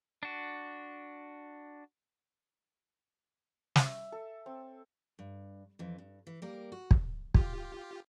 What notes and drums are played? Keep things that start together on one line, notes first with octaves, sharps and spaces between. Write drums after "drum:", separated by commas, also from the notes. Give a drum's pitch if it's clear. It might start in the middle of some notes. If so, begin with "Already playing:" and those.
D4 F#4
E5, drum: snare
A4
C4
G2
F2 E3
G2
E3
G3 A#3 A#4
F#4
drum: kick
F4 G4, drum: kick